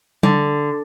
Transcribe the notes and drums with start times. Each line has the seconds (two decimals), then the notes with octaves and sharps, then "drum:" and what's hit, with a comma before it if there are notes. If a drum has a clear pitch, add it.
0.23 D3, drum: tom G3